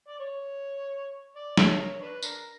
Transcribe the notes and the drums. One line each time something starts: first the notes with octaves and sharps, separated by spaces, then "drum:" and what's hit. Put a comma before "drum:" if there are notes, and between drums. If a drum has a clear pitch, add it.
D5
C#5
D5
C#5, drum: snare
A#4 C#5
D4 B4
D4 A#4, drum: tambourine